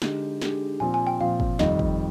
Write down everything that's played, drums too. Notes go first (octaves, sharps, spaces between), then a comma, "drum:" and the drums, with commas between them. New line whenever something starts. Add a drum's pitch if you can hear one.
D3 G#3 D#4 G4, drum: snare
D3 G#3 D#4 G4, drum: snare
A#2 F3 C4 F4 G#5
G#5
G5
A#2 F3 C4 F4 F5
drum: kick
F2 D#3 G3 D#5, drum: snare
drum: kick